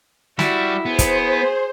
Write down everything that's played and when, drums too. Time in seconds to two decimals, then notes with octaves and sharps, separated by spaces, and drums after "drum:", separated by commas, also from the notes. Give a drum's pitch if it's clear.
0.39 G3 E4 F#4, drum: snare
0.85 B3 G#4 C5
0.99 drum: kick, hi-hat